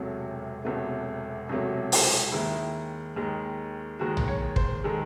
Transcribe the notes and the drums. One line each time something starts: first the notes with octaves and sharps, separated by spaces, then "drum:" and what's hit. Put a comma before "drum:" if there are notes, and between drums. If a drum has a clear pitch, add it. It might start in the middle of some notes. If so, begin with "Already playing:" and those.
Already playing: E1 E2 C3 F#3 A3
E1 E2 C3 F#3 A3
E1 E2 C3 F#3 A3
drum: open hi-hat
D#2 D#3 G#3 E4
D#2 D#3 G#3
D#2 D#3 G#3 F#4
drum: tom
C#5
C5, drum: kick
D#3 G#3 A4